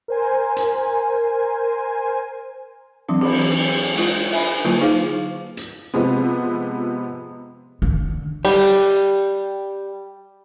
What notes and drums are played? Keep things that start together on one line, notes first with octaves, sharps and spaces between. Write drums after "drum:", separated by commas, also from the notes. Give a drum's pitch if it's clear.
A#4 C5 G#5
drum: hi-hat
E3 F#3 C4 D4
E3 B5, drum: cymbal
G#3 E4 F4, drum: open hi-hat
E5 G#5 B5, drum: open hi-hat
D3 F#3 A#3 E4 F4 A5
D#4 G#4 C5 F5 D6
drum: hi-hat
C3 F3 G#3 B3
D3
G3 G4, drum: open hi-hat